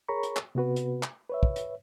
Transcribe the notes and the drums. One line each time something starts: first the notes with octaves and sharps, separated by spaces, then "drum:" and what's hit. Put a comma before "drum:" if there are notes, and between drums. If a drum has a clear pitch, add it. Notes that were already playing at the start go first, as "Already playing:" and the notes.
G#4 A#4 C#5 A#5 B5 C#6
drum: hi-hat
drum: clap
C3 B3 F#4 B4
drum: hi-hat
drum: clap
B4 C#5 E5
drum: kick
drum: hi-hat